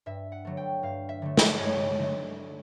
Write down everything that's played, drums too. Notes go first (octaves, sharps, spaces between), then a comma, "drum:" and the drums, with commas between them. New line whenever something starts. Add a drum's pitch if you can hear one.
G2 E5
F#5
D3 F#3 A3
G5
G2 F5
E5
D3 F#3 A3
drum: snare
G2 C#5
D3 F#3 A3